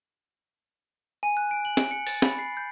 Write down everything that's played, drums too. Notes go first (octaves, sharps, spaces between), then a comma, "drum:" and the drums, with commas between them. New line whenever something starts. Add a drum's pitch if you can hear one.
G#5
F#6
D7
F#7
D7, drum: snare
C#7
A6, drum: open hi-hat
B5, drum: snare
C7
G6